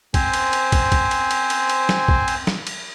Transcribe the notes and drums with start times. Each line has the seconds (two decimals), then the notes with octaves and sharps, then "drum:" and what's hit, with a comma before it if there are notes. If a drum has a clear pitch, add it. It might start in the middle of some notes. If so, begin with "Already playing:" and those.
0.14 C4 C5 G#5, drum: kick, cymbal
0.33 drum: cymbal
0.53 drum: cymbal
0.72 drum: kick, cymbal
0.92 drum: kick, cymbal
1.11 drum: cymbal
1.31 drum: cymbal
1.50 drum: cymbal
1.70 drum: cymbal
1.89 drum: snare
2.08 drum: kick
2.28 drum: cymbal
2.47 drum: snare
2.67 drum: cymbal